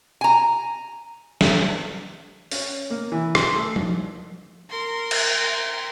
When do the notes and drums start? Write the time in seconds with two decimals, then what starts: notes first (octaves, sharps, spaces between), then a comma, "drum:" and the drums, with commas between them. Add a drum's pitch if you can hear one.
0.21 G#5 A#5
1.41 drum: snare
2.51 C#4, drum: open hi-hat
2.90 A#3
3.12 E3
3.35 C6, drum: rim click
3.54 A3
3.76 drum: tom F3
4.70 A#4 C6
5.11 drum: cymbal